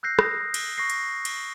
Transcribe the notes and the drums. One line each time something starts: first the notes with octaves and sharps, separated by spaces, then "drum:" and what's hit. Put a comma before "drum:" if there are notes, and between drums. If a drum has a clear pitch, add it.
E6 F#6 G6 A#6 C7
D#6 A#6, drum: rim click
drum: cymbal
C#6 A#6 C7
drum: cymbal
drum: cymbal